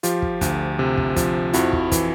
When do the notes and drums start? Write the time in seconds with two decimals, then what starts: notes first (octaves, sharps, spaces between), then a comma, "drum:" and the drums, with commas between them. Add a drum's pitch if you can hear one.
0.03 F3 F4 G4, drum: hi-hat
0.22 drum: kick
0.41 D2, drum: kick, hi-hat
0.79 C3
0.98 drum: kick
1.16 F3, drum: kick, hi-hat
1.53 F2 E4 F#4, drum: hi-hat
1.73 drum: kick
1.92 E3, drum: kick, hi-hat